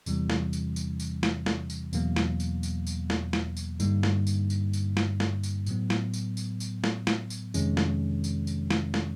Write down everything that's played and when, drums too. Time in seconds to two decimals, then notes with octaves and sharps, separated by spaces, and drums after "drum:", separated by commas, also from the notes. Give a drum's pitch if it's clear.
0.06 E2 C3 E3 G3, drum: tambourine
0.30 drum: snare
0.53 drum: tambourine
0.76 drum: tambourine
1.00 drum: tambourine
1.23 drum: snare
1.46 drum: snare
1.70 drum: tambourine
1.93 E2 B2 F#3 A#3, drum: tambourine
2.16 drum: snare
2.40 drum: tambourine
2.63 drum: tambourine
2.87 drum: tambourine
3.10 drum: snare
3.33 drum: snare
3.57 drum: tambourine
3.80 G2 D3 G3 A#3 D#4, drum: tambourine
4.03 drum: snare
4.27 drum: tambourine
4.50 drum: tambourine
4.73 drum: tambourine
4.97 drum: snare
5.20 drum: snare
5.43 drum: tambourine
5.67 A2 F#3 B3, drum: tambourine
5.90 drum: snare
6.14 drum: tambourine
6.37 drum: tambourine
6.60 drum: tambourine
6.84 drum: snare
7.07 drum: snare
7.30 drum: tambourine
7.54 F2 C3 D#3 G#3 C#4, drum: tambourine
7.77 drum: snare
8.24 drum: tambourine
8.47 drum: tambourine
8.71 drum: snare
8.94 drum: snare